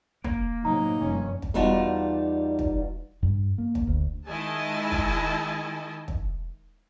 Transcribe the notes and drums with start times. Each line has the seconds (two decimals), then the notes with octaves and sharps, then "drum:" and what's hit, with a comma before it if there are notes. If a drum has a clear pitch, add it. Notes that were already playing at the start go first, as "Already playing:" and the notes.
0.24 A#3, drum: kick
0.65 A2 C3 F#3 D#4 A#5
1.00 F1 G2 C#4
1.42 drum: kick
1.54 E2 G3 D#4 F4 F#4 A5
2.59 drum: kick
3.23 G2
3.58 A#3
3.75 drum: kick
3.87 D2
4.28 D#3 G#3 E4 D#5 G#5 A5
4.92 drum: kick
6.08 drum: kick